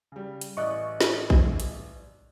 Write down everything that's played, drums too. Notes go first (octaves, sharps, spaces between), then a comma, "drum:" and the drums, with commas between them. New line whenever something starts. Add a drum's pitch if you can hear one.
C#3 G3
drum: hi-hat
A1 D5 D#5 C#6 F#6
drum: snare
drum: kick A1
drum: hi-hat